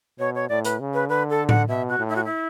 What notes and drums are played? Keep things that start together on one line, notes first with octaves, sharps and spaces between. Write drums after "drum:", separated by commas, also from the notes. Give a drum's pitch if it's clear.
B2 C#5
C#5
A2 D5
B4, drum: hi-hat
C#3
B4
D3 B4
A4
F#5, drum: tom A2
B2 E5
F#4
A2
E4
F#4
E4